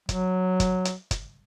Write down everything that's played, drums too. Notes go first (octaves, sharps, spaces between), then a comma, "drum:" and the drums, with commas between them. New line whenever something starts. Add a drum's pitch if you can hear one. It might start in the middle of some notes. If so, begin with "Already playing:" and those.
F#3, drum: kick G1, hi-hat
drum: kick G1, hi-hat
drum: hi-hat
drum: kick G1, hi-hat